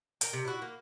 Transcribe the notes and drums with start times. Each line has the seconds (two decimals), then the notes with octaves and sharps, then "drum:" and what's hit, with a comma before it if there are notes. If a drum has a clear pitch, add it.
0.21 A#4 G5, drum: hi-hat
0.33 C3
0.45 E4 F#4
0.62 A#3